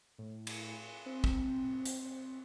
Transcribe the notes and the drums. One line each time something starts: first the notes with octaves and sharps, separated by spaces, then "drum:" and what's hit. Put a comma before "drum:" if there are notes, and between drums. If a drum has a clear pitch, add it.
A2
drum: cymbal
C4
drum: kick
drum: hi-hat